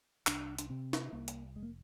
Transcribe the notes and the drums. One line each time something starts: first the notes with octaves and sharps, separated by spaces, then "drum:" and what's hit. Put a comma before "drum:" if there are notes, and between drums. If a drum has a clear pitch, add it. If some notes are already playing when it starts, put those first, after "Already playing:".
C2 D4, drum: clap
D4, drum: hi-hat
C3 C4
drum: snare
C2 A#3
drum: hi-hat
F1 G#3
A#3